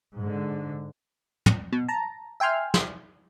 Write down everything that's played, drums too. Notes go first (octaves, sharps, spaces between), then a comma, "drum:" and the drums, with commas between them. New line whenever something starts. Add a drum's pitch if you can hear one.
G#2 D3
drum: tom
B2
A5 A#5
E5 G5 G#5 C6 F6
drum: snare